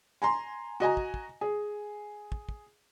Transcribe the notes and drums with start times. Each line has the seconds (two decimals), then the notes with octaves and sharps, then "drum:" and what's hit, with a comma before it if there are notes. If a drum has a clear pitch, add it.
0.22 G#5 A#5 C6
0.80 F#4 D#5 G#5 A#5
0.97 drum: kick
1.14 drum: kick
1.41 G#4
2.32 drum: kick
2.49 drum: kick